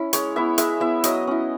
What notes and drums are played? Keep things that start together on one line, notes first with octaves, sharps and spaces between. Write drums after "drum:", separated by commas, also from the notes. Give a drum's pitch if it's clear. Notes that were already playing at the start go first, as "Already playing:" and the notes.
Already playing: C#4 E4
G#3 C#5, drum: hi-hat
B3 E4 E5
G#3 E5, drum: hi-hat
B3 E4 E5
F#3 D#5, drum: hi-hat
C#4 E4